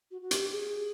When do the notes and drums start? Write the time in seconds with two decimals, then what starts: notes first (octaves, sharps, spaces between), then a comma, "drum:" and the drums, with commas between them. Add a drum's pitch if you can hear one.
0.11 F#4
0.21 F#4
0.31 G4, drum: hi-hat
0.52 G#4